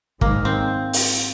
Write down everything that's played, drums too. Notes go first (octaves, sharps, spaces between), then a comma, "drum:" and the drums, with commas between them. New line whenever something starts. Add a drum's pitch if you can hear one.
G#2 D#3 G#3 A#3, drum: kick
C4
drum: open hi-hat